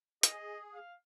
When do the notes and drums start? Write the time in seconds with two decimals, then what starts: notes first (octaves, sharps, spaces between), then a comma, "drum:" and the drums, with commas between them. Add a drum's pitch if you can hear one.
0.23 G#4 D#5, drum: hi-hat
0.74 F5